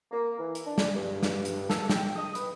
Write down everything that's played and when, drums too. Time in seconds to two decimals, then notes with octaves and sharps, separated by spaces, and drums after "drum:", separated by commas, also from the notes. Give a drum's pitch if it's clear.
0.12 A#3
0.39 E3
0.55 drum: hi-hat
0.66 D4
0.78 drum: snare
0.95 G2
1.23 drum: snare
1.45 drum: hi-hat
1.70 A4, drum: snare
1.90 G5, drum: snare
2.16 D#6
2.35 B4, drum: hi-hat